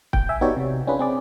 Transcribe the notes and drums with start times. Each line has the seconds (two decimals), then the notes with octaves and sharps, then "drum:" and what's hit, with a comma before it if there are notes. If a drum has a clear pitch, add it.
0.13 G5, drum: kick
0.29 E5 G#5
0.41 B3 D#4 F#4 G4 C#5 D5
0.57 C3
0.87 C#4 D4 F4 G#4 B4
0.99 C4 G#4 D5